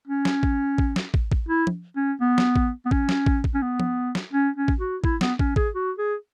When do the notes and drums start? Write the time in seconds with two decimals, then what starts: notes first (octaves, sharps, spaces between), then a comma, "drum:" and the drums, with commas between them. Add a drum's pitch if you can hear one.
0.08 C#4
0.25 drum: snare
0.43 drum: kick
0.78 drum: kick
0.96 drum: snare
1.14 drum: kick
1.32 drum: kick
1.49 E4
1.67 drum: tom F3
1.96 C#4
2.21 B3
2.38 drum: snare
2.56 drum: kick
2.86 B3
2.91 C#4, drum: kick
3.09 drum: snare
3.26 drum: kick
3.44 drum: kick
3.54 C#4
3.62 B3
3.80 drum: tom F3
4.15 drum: snare
4.33 C#4
4.56 C#4
4.68 drum: kick
4.80 F#4
5.04 E4, drum: kick
5.21 B3, drum: snare
5.39 C#4, drum: kick
5.56 G#4, drum: kick
5.75 F#4
5.98 G#4